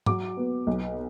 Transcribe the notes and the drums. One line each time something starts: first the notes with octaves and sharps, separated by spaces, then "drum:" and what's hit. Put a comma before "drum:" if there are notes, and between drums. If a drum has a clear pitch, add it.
F#3 D6, drum: tom
B3
B1